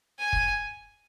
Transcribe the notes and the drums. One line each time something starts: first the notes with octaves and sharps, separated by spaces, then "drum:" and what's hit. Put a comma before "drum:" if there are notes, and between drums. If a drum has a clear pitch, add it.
G#5
drum: kick